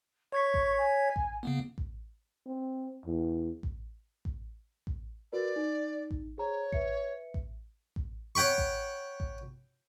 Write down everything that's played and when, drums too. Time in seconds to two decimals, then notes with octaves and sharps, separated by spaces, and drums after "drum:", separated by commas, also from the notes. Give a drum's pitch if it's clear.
0.32 C#5 C#6 G#6 B6
0.54 drum: kick A1
0.78 G#5
1.16 drum: kick A1
1.43 C#3 A#3 B3
1.78 drum: kick A1
2.46 C4
3.05 E2
3.63 drum: kick A1
4.25 drum: kick A1
4.87 drum: kick A1
5.33 F#4 A#4 B4 D5
5.56 D#4
6.11 drum: kick A1
6.38 G#4 C5 C#5 A#5
6.72 B4 E5 C#7, drum: kick A1
7.34 drum: kick A1
7.96 drum: kick A1
8.35 C#5 F#5 G5 B5 C#6
8.58 drum: kick A1
9.20 drum: kick A1